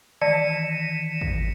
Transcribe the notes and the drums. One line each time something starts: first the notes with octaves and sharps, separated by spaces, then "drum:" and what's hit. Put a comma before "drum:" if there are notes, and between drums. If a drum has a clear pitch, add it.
D#3 E3 D5 A5 C#7
drum: kick